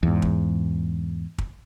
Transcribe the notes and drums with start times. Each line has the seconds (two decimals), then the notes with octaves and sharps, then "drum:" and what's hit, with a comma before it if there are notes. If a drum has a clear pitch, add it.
0.03 E2 G#2
0.22 drum: kick
1.38 drum: kick